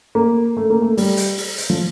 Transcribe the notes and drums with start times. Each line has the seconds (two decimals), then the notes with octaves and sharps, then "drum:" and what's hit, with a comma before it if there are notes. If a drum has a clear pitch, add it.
0.15 A#3
0.57 A3
0.70 A#3
0.82 A3
0.97 G3, drum: open hi-hat
1.17 drum: hi-hat
1.38 drum: open hi-hat
1.58 drum: hi-hat
1.70 F3